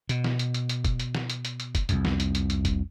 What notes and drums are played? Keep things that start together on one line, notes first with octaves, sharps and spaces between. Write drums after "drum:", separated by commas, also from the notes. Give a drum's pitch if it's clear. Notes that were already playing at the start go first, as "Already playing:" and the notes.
B2, drum: hi-hat
drum: snare
drum: hi-hat
drum: hi-hat
drum: hi-hat
drum: kick, hi-hat
drum: hi-hat
drum: snare
drum: hi-hat
drum: hi-hat
drum: hi-hat
drum: kick, hi-hat
C2 F2, drum: hi-hat
drum: snare
drum: hi-hat
drum: hi-hat
drum: hi-hat
drum: kick, hi-hat